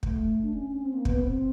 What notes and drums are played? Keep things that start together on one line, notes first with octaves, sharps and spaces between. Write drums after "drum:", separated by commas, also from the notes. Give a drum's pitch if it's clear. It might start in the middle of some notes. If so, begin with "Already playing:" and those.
A3, drum: kick
D4
C#4
C#4
C4
A#3
B3, drum: kick
C4